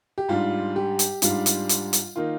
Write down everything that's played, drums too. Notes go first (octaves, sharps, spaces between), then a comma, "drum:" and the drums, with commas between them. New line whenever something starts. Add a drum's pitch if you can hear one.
G4
G#2 G3 D4 F4
G4
drum: hi-hat
G#2 G3 D4 F4, drum: hi-hat
drum: hi-hat
drum: hi-hat
drum: hi-hat
D#3 A#3 D#4 F4